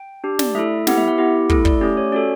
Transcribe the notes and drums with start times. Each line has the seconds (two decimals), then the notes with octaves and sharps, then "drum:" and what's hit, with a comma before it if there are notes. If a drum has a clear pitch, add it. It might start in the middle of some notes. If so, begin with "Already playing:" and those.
Already playing: G5
0.24 D4 G4
0.39 D5, drum: snare
0.55 A3 E4 A4 E5
0.87 B3 E4 G4 F#5, drum: snare
0.97 E5
1.08 F#5
1.18 B3 E4 G4
1.49 A3 E4 A4, drum: kick
1.65 D5, drum: kick
1.81 A3 C#4 G4 D5
1.97 C#5
2.12 C#4 F#4 A4 D5